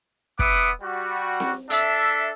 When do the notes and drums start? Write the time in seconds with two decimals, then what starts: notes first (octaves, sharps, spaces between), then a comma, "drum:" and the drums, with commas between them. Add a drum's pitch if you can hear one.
0.39 B3 E5 F#5 D6 D#6, drum: kick
0.82 G3 F#4
1.40 drum: snare C4
1.70 D4 A4 E5, drum: hi-hat